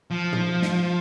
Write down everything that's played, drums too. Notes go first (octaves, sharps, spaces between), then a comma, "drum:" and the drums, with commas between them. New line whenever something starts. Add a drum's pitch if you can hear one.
F3
drum: tom
drum: snare